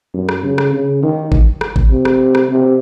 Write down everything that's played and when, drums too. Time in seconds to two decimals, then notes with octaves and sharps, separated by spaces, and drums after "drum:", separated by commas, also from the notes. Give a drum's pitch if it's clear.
0.14 F#2
0.29 drum: rim click
0.44 C#3
0.58 drum: rim click
0.73 C#3
1.02 D#3
1.32 drum: kick G#1
1.61 drum: rim click
1.76 drum: kick G#1
1.90 C3
2.05 drum: rim click
2.35 drum: rim click
2.49 C3